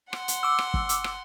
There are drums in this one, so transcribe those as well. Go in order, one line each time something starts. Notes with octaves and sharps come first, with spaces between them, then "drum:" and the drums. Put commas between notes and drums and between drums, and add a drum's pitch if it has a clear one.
F#5 C6, drum: rim click
drum: hi-hat
D6 E6
drum: rim click
drum: kick
drum: hi-hat
drum: rim click